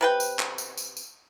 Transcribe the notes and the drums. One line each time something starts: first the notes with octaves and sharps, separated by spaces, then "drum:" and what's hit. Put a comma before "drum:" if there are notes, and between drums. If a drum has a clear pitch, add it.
C3 B4 G5
drum: tambourine
drum: clap
drum: tambourine
drum: tambourine
drum: tambourine